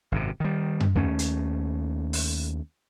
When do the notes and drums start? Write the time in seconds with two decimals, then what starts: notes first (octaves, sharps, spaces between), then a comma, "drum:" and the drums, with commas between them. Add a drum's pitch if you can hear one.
0.12 G#1 F#2 C3
0.40 D#3 G3
0.80 drum: tom F#2
0.95 D#2 A3 C#4
1.19 drum: hi-hat
2.13 drum: open hi-hat